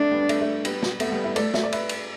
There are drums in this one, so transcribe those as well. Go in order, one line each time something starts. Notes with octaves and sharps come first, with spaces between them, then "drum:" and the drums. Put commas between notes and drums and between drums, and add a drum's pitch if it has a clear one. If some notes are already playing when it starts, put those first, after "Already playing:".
Already playing: A3 D4
G3 B3
A3 D4, drum: cymbal
A3
G3 B3, drum: cymbal
drum: snare
A3 B3, drum: cymbal
G3 B3
B3 E4
A3 A4 D5, drum: cymbal
E5, drum: snare
D5
B4 E5, drum: cymbal
drum: cymbal